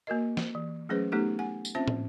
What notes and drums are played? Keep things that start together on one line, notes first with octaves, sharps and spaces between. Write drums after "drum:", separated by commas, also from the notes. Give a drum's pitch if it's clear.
A#3 F#4 A#4 D#5
drum: snare
E3
F#3 A3 C#4 G#4 B4 C5
A3 B3 D#4 G4 A4
F#5 G#5
drum: tambourine
C4 C#4 F4 C5 E5 A5
drum: tom